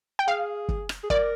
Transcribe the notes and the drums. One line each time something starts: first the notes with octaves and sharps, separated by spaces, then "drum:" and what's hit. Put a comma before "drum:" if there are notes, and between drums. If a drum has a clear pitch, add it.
G5
G#4 F5
drum: kick
drum: rim click
G#4
A#4 D5, drum: kick